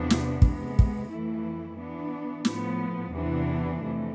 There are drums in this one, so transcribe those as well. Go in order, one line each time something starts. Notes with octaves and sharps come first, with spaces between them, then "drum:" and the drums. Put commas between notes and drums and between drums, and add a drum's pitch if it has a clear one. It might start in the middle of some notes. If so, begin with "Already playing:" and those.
Already playing: E2 C3 F3 B3 D4
drum: snare
C3 G#3 B3, drum: kick
drum: kick
F2 E3 A3 E4
E3 B3 D4
A2 F3 B3, drum: snare
E2 C3 E3 B3 D4
F2 E3 A3